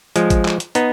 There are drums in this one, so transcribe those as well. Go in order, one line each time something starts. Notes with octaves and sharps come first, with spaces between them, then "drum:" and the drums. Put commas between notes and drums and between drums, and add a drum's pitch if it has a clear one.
F3 G#3, drum: hi-hat
drum: kick G#1, hi-hat
drum: clap
drum: hi-hat
B3 D#4, drum: hi-hat